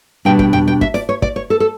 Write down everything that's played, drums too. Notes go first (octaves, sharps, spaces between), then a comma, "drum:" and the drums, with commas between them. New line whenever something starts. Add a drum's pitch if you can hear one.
B2 G3 B3 D4 G5
G5, drum: kick
G5, drum: tom E2
G5
E5, drum: kick
D5, drum: snare
C#5
D5, drum: kick
C#5
A4
A4